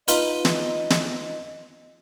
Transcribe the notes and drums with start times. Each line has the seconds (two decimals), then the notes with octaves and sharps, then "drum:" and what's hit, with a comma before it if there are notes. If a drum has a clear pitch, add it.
0.08 D#4 F4 B4 D#5, drum: hi-hat
0.45 drum: snare
0.90 drum: snare